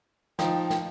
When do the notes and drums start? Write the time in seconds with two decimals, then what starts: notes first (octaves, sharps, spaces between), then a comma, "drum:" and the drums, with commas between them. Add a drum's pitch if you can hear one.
0.39 F3 D#4 G5, drum: snare
0.70 drum: snare